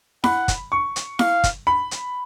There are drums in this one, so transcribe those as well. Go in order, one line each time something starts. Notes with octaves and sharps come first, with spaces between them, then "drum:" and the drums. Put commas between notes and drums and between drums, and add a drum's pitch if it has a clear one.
F#5 B5, drum: snare E4
drum: kick, hi-hat
C#6
drum: hi-hat
F5, drum: snare E4
drum: kick, hi-hat
B5
drum: hi-hat